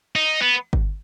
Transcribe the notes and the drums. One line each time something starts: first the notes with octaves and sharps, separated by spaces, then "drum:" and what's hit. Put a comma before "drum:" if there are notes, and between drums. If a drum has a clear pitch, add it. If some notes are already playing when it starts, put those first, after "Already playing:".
D#4
B3
drum: kick G1